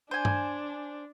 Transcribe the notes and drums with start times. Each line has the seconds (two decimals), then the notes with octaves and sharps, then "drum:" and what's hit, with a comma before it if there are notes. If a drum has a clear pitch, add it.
0.11 D4 C5 G#5
0.25 drum: tom G2